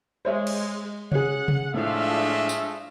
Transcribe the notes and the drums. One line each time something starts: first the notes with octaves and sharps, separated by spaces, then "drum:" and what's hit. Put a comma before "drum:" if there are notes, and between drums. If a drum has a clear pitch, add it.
G#3 C5 C#5 E5
drum: cymbal
C#4 G#4 F#5, drum: tom C3
drum: tom C3
A2 F3 G#3 A3 D4 E5 F5
drum: tambourine